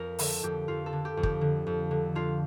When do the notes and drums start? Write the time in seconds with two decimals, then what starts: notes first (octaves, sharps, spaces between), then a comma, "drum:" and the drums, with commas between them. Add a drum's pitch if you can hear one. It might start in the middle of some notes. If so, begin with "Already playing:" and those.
Already playing: F2 A#4
0.19 D3 A4, drum: open hi-hat
0.43 F2 G4
0.68 F2 F4
0.86 A4
0.93 D3
1.05 G4
1.17 F2
1.23 G4, drum: kick
1.41 D3
1.67 F2
1.91 D3
2.15 D3 F4